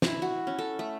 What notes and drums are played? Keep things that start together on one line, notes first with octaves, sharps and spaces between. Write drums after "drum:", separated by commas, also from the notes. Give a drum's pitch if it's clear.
E4, drum: snare
F#4
C#4
A4
A3